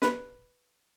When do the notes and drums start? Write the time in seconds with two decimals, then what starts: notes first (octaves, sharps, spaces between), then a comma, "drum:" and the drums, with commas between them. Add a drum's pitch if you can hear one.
0.02 B4, drum: snare